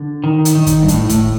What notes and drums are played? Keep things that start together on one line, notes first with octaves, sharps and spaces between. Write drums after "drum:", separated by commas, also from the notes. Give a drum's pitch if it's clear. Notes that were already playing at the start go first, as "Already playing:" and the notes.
Already playing: D3
D#3
drum: hi-hat
D#3
drum: kick, hi-hat
G2
A2, drum: hi-hat
A2, drum: kick, hi-hat